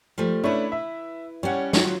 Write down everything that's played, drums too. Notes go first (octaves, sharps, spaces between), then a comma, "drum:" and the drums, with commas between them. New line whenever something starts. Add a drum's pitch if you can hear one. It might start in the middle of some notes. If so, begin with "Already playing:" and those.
F3 G3 A3
A3 C#4 D4 E4 B4
E5
G3 C#4 C#5 F#5
F#3 F4, drum: snare